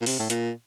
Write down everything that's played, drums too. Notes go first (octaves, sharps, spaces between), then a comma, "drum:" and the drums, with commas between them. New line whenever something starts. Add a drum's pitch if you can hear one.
A#2
C3, drum: open hi-hat
A2
A#2, drum: hi-hat